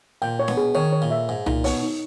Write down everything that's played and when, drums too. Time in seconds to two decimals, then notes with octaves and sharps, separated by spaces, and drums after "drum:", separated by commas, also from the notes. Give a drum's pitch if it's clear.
0.22 A#2 G5
0.39 C#5
0.48 B2, drum: snare D4
0.57 G#4
0.75 D#3 C#5
0.93 C#5
1.02 A#2
1.11 E5
1.29 G#2 G#5
1.46 A#2 D#4, drum: tom C2
1.64 B2 C#5, drum: open hi-hat
1.82 D#4